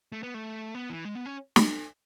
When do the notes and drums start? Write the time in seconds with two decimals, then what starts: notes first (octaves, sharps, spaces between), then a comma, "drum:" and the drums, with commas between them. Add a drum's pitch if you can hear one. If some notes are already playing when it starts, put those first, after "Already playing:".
0.12 A3
0.23 B3
0.34 A3
0.75 B3
0.90 E3
1.05 G#3
1.15 B3
1.26 C#4
1.56 drum: snare